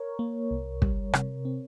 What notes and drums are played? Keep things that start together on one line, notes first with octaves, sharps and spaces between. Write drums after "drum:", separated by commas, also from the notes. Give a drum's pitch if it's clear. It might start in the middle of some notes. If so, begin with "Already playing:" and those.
Already playing: A#4 C#5
A#3
C2
G3, drum: kick
C3, drum: rim click
C4